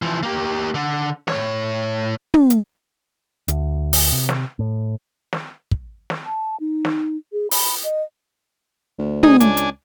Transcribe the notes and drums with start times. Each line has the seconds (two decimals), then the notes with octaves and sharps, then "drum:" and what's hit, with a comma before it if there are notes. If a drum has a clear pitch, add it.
0.02 E3 F3
0.23 A#3 G4
0.74 D3
1.28 A2 C#5, drum: snare
2.34 drum: tom
2.50 drum: hi-hat
3.48 D2, drum: hi-hat
3.93 drum: open hi-hat
4.12 C3
4.29 drum: snare
4.59 A2
5.33 drum: snare
5.71 drum: kick
6.10 drum: snare
6.25 A5
6.60 D#4
6.85 drum: snare
7.33 G#4
7.51 B5, drum: open hi-hat
7.84 D#5
8.98 D2
9.23 D#4 G#4, drum: tom
9.40 C#2 D4 G#5, drum: hi-hat
9.57 drum: hi-hat